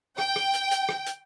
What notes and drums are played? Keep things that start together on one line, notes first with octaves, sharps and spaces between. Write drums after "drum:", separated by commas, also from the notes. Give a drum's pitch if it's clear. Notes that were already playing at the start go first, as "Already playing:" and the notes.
G5, drum: rim click
drum: rim click
drum: hi-hat
drum: hi-hat
drum: rim click
drum: hi-hat